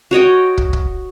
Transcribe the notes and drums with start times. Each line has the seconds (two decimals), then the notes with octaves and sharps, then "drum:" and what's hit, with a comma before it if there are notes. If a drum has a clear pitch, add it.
0.11 F#4 C#5 D#5 G5
0.58 drum: kick
0.73 drum: kick